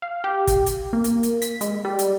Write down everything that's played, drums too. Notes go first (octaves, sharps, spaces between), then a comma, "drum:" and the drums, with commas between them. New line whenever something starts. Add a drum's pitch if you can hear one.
F5
G4
drum: kick, hi-hat
drum: hi-hat
A#3
drum: hi-hat
drum: hi-hat
B6, drum: hi-hat
G#3, drum: hi-hat
G3
drum: hi-hat